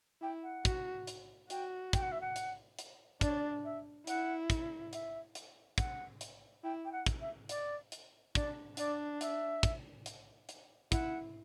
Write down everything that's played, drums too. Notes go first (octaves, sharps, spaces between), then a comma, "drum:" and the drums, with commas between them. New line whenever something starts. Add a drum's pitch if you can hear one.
E4 G5
F#5
F#4, drum: kick, hi-hat
drum: hi-hat
F#4 G5, drum: hi-hat
G5, drum: kick, hi-hat
F#5
E5
F#5
drum: hi-hat
drum: hi-hat
D4 D5, drum: kick, hi-hat
C#5
D5
E5
E4 F#5, drum: hi-hat
drum: kick, hi-hat
E5, drum: hi-hat
drum: hi-hat
F#5, drum: kick, hi-hat
drum: hi-hat
E4 G5
G5
F#5
drum: kick, hi-hat
E5
D5, drum: hi-hat
drum: hi-hat
D4 D5, drum: kick, hi-hat
D4 D5, drum: hi-hat
E5, drum: hi-hat
drum: kick, hi-hat
drum: hi-hat
drum: hi-hat
E4 F#5, drum: kick, hi-hat